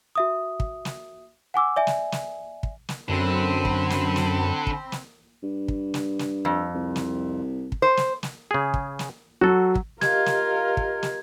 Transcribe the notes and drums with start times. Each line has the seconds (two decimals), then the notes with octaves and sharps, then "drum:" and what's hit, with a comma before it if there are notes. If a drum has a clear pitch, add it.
0.15 F#4 E5 D#6
0.60 drum: kick
0.85 drum: snare
1.54 F#5 G#5 D6 E6
1.76 D5 E5 G#5
1.87 drum: snare
2.12 drum: snare
2.63 drum: kick
2.89 drum: snare
3.09 F#2 D3 C4 B5
3.65 drum: kick
3.90 drum: snare
4.16 drum: snare
4.67 drum: kick
4.92 drum: snare
5.43 G2
5.68 drum: kick
5.94 drum: snare
6.19 drum: snare
6.45 F2
6.74 C2
6.96 drum: snare
7.72 drum: kick
7.82 C5
7.97 drum: snare
8.23 drum: snare
8.51 C#3 G#4
8.74 drum: kick
8.99 drum: snare
9.41 F#3 F#4 A4
9.75 drum: kick
10.01 F4 G4 A#4 D#5 F5 G#6, drum: snare
10.26 drum: snare
10.77 drum: kick
11.03 drum: snare